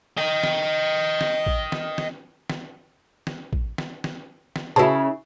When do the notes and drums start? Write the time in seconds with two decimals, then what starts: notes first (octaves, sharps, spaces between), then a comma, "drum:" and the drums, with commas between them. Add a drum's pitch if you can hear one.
0.18 D#5 G5
0.43 drum: snare
1.21 drum: snare
1.46 drum: kick
1.72 drum: snare
1.98 drum: snare
2.50 drum: snare
3.27 drum: snare
3.53 drum: kick
3.78 drum: snare
4.04 drum: snare
4.56 drum: snare
4.76 C#3 E4 F#4 B4 A5